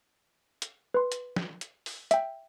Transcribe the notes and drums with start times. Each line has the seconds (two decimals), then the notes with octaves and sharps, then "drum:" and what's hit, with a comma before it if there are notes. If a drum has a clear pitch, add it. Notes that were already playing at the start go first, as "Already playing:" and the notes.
0.62 drum: hi-hat
0.94 B4 C6
1.12 drum: hi-hat
1.36 drum: snare
1.61 drum: hi-hat
1.86 drum: open hi-hat
2.11 E5 G5, drum: hi-hat